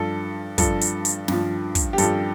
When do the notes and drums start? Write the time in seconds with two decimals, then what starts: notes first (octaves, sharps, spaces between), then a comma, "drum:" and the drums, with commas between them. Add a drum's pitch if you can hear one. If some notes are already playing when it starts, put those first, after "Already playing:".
Already playing: G2 F3 A4
0.58 G2 F3 A4, drum: kick, hi-hat
0.81 drum: hi-hat
1.05 drum: hi-hat
1.28 G2 F3, drum: snare
1.75 drum: kick, hi-hat
1.93 G4
1.98 G2 F3 A4, drum: hi-hat